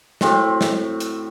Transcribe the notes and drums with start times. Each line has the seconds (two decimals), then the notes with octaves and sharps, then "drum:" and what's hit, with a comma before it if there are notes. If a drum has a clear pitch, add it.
0.21 A2 C4 F#4, drum: snare
0.61 drum: snare
1.00 drum: hi-hat